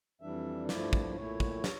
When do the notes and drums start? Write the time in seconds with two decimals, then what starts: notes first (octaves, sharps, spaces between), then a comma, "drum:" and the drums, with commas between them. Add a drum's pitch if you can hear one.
0.21 F2 E3 G3 D4 E5
0.69 G2 F3 A3 E4 D5, drum: snare
0.93 drum: kick
1.16 A#2 A3 E4 C#5
1.40 drum: kick
1.64 drum: snare